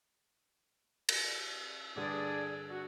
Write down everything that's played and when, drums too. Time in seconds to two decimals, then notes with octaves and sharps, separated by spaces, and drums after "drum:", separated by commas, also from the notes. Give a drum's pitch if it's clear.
1.09 drum: cymbal
1.96 G2 D3 D4 G4 G#4 D5
2.70 F#4